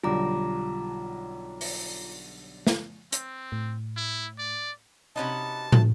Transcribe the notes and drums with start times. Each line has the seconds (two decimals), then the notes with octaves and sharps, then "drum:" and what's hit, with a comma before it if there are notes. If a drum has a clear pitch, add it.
0.03 B1 D3 G3 F4 A#5 D6
1.61 drum: open hi-hat
2.67 drum: snare
3.12 C4, drum: hi-hat
3.52 A2
3.97 E4
4.39 D5
5.16 C3 C#4 D#4 F#4 B4 D#5 A5
5.72 drum: tom